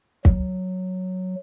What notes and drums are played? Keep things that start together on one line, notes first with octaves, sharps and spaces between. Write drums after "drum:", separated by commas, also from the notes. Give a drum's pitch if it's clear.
F#3, drum: kick